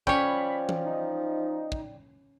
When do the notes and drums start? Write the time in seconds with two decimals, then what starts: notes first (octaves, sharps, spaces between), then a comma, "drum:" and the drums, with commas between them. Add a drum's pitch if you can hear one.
0.07 F3 C#4 C#5 D5 G5 B5, drum: kick
0.69 drum: tom E3
0.85 D#4
1.72 drum: kick